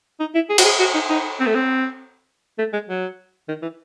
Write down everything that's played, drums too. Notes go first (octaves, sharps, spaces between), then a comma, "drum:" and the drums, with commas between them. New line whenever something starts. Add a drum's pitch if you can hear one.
D#4
E4
G#4
F#4, drum: cymbal
G#4
F#4
D#4
D#4
C4
A3
C4
A3
G#3
F#3
D#3
E3